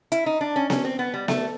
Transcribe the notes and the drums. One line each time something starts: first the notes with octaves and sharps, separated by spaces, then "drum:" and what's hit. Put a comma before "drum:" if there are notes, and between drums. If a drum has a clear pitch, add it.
E4, drum: hi-hat
D#4
D4
C#4
C#4, drum: snare B3
C4
B3
G3
A3, drum: snare B3